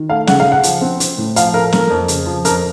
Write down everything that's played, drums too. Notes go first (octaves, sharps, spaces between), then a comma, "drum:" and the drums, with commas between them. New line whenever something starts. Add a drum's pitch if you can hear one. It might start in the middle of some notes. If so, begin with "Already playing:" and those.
Already playing: D#3
A3 F5
C#3 F#5, drum: snare
F5
C#3
F#5
F3, drum: hi-hat
C4
C4, drum: hi-hat
A2
F3 F5, drum: hi-hat
A3 A#4
A#3 A#4, drum: snare
F2
C#3, drum: hi-hat
F3
F2 A#4, drum: hi-hat